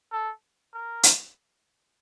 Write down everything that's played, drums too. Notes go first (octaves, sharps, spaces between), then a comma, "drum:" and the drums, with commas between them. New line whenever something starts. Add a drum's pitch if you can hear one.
A4
A#4
drum: hi-hat